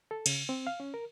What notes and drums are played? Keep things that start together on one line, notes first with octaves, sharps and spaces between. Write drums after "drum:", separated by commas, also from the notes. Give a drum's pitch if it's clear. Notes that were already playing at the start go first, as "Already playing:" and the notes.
A4
C#3, drum: cymbal
C4
F5
C#4
A#4